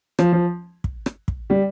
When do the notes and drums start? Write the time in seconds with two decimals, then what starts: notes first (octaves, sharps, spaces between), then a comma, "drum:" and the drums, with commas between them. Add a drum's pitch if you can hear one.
0.19 F3, drum: rim click
0.32 F3
0.84 drum: kick
1.06 drum: rim click
1.28 drum: kick
1.50 G3